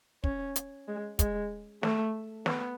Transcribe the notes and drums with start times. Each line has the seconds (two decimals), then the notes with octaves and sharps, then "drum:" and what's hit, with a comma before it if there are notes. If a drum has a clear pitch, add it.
0.24 C#4, drum: kick
0.56 drum: hi-hat
0.88 G#3
1.19 G#3, drum: kick, hi-hat
1.83 A3, drum: snare
2.46 B3, drum: snare